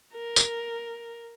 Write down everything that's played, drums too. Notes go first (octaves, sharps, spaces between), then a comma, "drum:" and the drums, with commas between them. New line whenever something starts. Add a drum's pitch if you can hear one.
A#4
drum: tambourine